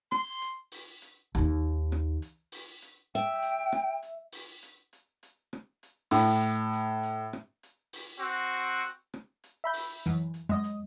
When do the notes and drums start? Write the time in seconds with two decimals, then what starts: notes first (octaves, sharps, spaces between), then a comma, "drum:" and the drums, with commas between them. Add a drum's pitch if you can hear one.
0.12 C6, drum: rim click
0.42 drum: hi-hat
0.72 drum: open hi-hat
1.02 drum: hi-hat
1.35 D#2 D#3, drum: hi-hat
1.92 drum: rim click
2.22 drum: hi-hat
2.52 drum: open hi-hat
2.82 drum: hi-hat
3.15 E5 G5
3.42 drum: hi-hat
3.72 drum: rim click
4.02 drum: hi-hat
4.33 drum: open hi-hat
4.63 drum: hi-hat
4.93 drum: hi-hat
5.23 drum: hi-hat
5.53 drum: rim click
5.83 drum: hi-hat
6.11 A2, drum: open hi-hat
6.43 drum: hi-hat
6.73 drum: hi-hat
7.03 drum: hi-hat
7.33 drum: rim click
7.63 drum: hi-hat
7.93 drum: open hi-hat
8.20 C4 F#4
8.53 drum: hi-hat
8.83 drum: hi-hat
9.14 drum: rim click
9.44 drum: hi-hat
9.64 E5 B5 G6
9.74 drum: open hi-hat
10.06 F#2 E3, drum: hi-hat
10.34 drum: hi-hat
10.49 F#2 G#3 D#5
10.64 drum: hi-hat